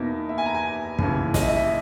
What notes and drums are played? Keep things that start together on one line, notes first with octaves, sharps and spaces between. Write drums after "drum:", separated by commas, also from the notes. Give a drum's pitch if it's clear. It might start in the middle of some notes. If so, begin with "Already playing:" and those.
Already playing: E2 B2 A#3 D#4 E5
E5
G#5
A#5
G#5
D#2 C#3 E3, drum: kick
D#5, drum: snare
E5
D#5
E5
D#5